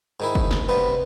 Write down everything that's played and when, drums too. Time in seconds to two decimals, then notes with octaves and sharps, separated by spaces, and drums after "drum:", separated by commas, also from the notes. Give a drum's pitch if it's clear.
0.20 G#2 D#3 E4
0.35 drum: kick
0.51 drum: snare
0.69 G2 C3 B3 B4